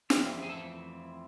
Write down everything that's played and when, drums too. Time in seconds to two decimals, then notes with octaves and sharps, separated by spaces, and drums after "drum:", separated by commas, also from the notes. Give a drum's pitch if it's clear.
0.10 F2 E3 A3 C4 F4, drum: snare
0.42 G#4
0.49 A4